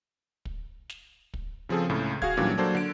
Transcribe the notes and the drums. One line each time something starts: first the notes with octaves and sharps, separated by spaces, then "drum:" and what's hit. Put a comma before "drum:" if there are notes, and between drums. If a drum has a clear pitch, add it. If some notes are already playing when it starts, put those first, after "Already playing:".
drum: kick
drum: snare
drum: kick
C#3 F3 C4 G#4 A4
C#2 A2 C#3
F#4 G#4 F5 G#6, drum: kick
A#2 E3 F#3 G3 C#4 D4
F#3 A#3 D4 A4 C5 D5
D3 D7